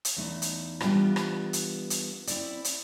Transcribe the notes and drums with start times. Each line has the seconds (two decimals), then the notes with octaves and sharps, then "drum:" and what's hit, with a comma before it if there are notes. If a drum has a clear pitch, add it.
0.05 drum: hi-hat
0.17 E2 A3 D#4
0.42 drum: hi-hat
0.80 E3 G3 A#3 B3 D4 F4, drum: rim click
1.16 drum: rim click
1.53 drum: hi-hat
1.90 drum: hi-hat
2.27 C4 E4 D5, drum: hi-hat
2.64 drum: hi-hat